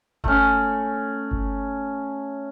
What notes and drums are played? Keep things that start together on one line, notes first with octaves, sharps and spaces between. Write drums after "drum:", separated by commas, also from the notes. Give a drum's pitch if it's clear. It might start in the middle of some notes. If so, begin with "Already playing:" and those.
A3 C#4, drum: kick G1
drum: kick G1